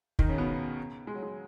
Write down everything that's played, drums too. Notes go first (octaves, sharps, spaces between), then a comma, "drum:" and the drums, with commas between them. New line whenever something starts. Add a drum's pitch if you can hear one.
D#3 D#4, drum: kick
C#3 C#4
B2 B3
G#3
F#3
G#3